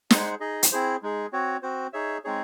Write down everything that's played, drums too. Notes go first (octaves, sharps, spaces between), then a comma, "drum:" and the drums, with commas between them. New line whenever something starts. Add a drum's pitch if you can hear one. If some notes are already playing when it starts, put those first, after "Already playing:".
G#3 D#4 G#4 C5 F#5, drum: snare
D#4 G#4 D#5
drum: hi-hat
C4 E4 G#4 C5
G#3 D#4 G#4
C4 F#4 C#5
C4 F#4 C5
D#4 G#4 C#5 E5
G#3 C4 D#4 G#4 C#5